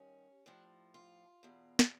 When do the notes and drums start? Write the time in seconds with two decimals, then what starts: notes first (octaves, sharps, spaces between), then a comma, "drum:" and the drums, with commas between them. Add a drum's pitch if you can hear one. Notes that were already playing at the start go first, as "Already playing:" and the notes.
Already playing: G2 D#3 C#4
0.46 A2 F3 D4
0.94 F4
1.43 E2 B2
1.79 drum: snare